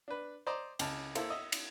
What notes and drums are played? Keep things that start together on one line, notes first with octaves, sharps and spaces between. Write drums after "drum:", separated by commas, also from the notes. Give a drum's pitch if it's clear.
D4 B4
C5 D5 D#5 A#5
C#2 A5, drum: cymbal
A#3 E4 A4 C5, drum: cymbal
D#5 E5
drum: cymbal